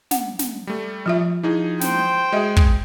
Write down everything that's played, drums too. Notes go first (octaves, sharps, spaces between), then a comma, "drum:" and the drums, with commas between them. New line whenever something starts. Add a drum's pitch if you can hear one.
F#5, drum: snare
drum: snare
G3 A3
F3 F4 E5
F3 D#4 E4 G#4
C5 G5, drum: snare
G#3 F#4 G#4 D#5 E5
drum: kick